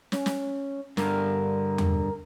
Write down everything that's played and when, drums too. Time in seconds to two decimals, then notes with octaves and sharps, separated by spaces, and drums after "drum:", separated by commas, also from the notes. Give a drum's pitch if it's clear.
0.12 C#4, drum: snare
0.26 drum: snare
0.97 G2 D3 A#4, drum: snare
1.78 drum: tom E2